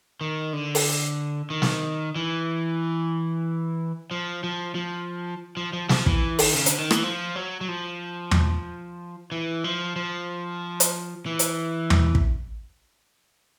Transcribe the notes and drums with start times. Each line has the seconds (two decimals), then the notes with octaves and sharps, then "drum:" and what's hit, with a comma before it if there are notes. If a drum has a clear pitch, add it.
0.21 D#3
0.53 D3
0.75 drum: open hi-hat
1.50 D#3
1.62 drum: snare
2.16 E3
4.11 F3
4.44 F3
4.75 F3
5.57 F3
5.73 F3
5.89 F3, drum: snare
6.06 E3, drum: kick
6.39 D#3, drum: open hi-hat
6.54 C#3
6.66 D3, drum: hi-hat
6.78 D#3
6.91 E3, drum: rim click
7.03 F3
7.36 F#3
7.61 F#3
7.68 F3
8.31 drum: tom
9.32 E3
9.64 F3
9.96 F3
10.80 drum: hi-hat
11.26 E3
11.39 drum: hi-hat
11.90 drum: tom
12.15 drum: kick